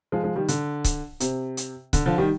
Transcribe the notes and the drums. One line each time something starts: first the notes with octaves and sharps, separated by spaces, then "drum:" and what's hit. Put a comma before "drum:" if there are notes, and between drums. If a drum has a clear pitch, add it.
F3 G#3
F3 G#3
D#3 G3
D3, drum: hi-hat
drum: kick C#1, hi-hat
C3, drum: hi-hat
drum: hi-hat
D3, drum: kick C#1, hi-hat
D3 F3
D#3 G3